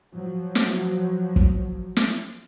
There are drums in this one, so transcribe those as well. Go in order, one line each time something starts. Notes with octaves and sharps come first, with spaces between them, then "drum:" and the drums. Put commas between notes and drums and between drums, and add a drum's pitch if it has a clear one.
F3 F#3
drum: snare
drum: kick
drum: snare